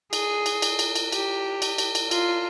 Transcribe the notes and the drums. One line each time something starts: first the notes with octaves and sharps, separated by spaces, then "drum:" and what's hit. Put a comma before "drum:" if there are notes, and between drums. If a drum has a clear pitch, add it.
G#4, drum: cymbal
drum: cymbal
drum: cymbal
drum: cymbal
drum: cymbal
G4, drum: cymbal
drum: cymbal
drum: cymbal
drum: cymbal
F4, drum: cymbal